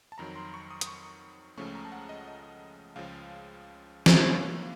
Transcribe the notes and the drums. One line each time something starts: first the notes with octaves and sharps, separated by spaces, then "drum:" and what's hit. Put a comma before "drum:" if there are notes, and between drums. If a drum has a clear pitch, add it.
A5
F2 D#3 F#3 A#5
C6
C#6
D#6
D#6, drum: hi-hat
C#6
C#2 C#3 F3 A3 C#4 C#6
A#5
A5
F#5
D#5
D#5
C#2 C#3 F3 F5
drum: snare
C3 F#3 A#3 C#4 F5